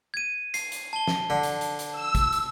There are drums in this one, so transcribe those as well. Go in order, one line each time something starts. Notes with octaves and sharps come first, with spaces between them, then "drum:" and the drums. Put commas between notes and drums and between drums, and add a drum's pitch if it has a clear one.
G#6 D#7
C7, drum: hi-hat
drum: hi-hat
A5 G7
drum: snare
D3
drum: hi-hat
drum: hi-hat
drum: hi-hat
E6
drum: kick, hi-hat
drum: hi-hat